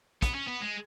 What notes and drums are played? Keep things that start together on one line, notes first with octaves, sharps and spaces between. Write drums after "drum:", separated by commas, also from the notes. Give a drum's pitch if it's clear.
B3, drum: kick, hi-hat
C#4
B3
G#3